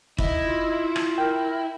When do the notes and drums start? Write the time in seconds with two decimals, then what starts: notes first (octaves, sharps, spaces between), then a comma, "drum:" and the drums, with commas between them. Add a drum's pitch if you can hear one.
0.18 D#4 E4 D#5, drum: kick
0.43 F4
0.96 drum: rim click
1.18 A#4 G5